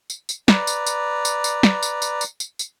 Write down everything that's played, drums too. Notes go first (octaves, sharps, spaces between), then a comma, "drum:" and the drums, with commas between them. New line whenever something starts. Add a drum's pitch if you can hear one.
drum: tambourine
drum: tambourine
B4 D5 A#5, drum: snare
drum: tambourine
drum: tambourine
drum: tambourine
drum: tambourine
drum: snare
drum: tambourine
drum: tambourine
drum: tambourine
drum: tambourine
drum: tambourine